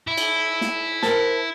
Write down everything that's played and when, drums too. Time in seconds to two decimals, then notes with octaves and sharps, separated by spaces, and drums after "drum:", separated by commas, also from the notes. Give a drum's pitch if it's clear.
0.07 E4
0.17 drum: cymbal
0.61 drum: snare
1.03 A#4 C5 A5, drum: snare